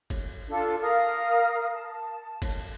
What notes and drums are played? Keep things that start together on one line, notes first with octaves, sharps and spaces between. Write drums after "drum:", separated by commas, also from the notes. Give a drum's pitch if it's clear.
drum: kick, cymbal
D4 F4 A4
A#4 F5 D#6 F6
A5
drum: kick, cymbal